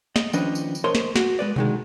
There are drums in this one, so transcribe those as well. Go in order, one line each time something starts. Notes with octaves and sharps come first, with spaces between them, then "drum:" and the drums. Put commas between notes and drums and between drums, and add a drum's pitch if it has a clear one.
D#5, drum: snare
D#3 F3 C#4 D4 B4 D#5, drum: tambourine
drum: tambourine
drum: tambourine
A#4 C5 C#5 D#5 A5 C6
drum: snare
F#4, drum: snare
G#3 B4 D5
D2 D#3 G#3, drum: tom B2